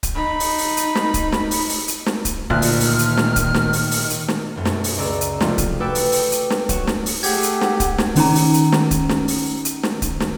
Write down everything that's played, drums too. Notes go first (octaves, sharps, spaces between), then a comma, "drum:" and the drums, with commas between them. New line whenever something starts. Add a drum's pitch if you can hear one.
drum: kick C#1, hi-hat
D#4 B5
drum: open hi-hat
drum: open hi-hat
drum: hi-hat
drum: snare
drum: kick C#1, hi-hat
drum: snare
drum: open hi-hat
drum: open hi-hat
drum: hi-hat
drum: snare
drum: kick C#1, hi-hat
D2 A#2 D#3 F6 F#6
drum: open hi-hat
drum: open hi-hat
drum: hi-hat
drum: snare
drum: kick C#1, hi-hat
drum: snare
drum: open hi-hat
drum: open hi-hat
drum: hi-hat
drum: snare
B1 F#2
drum: snare
drum: open hi-hat
C#2 D5 A#5 E6
drum: hi-hat
C3 F3 G3 A3 D#4 F4, drum: snare
drum: kick C#1, hi-hat
F#4 A4 B4 G5 D6 E6
drum: open hi-hat
G5, drum: open hi-hat
drum: hi-hat
drum: snare
F#3 C#5 F#5 E7, drum: kick C#1, hi-hat
drum: snare
drum: open hi-hat
A3 G4 G#4 F#5 G#6, drum: open hi-hat
drum: hi-hat
drum: snare
drum: kick C#1, hi-hat
drum: snare
D#3 C#4 D#4 A#5, drum: open hi-hat
drum: open hi-hat
drum: hi-hat
drum: snare
drum: kick C#1, hi-hat
drum: snare
drum: open hi-hat
drum: hi-hat
drum: snare
drum: kick C#1, hi-hat
drum: snare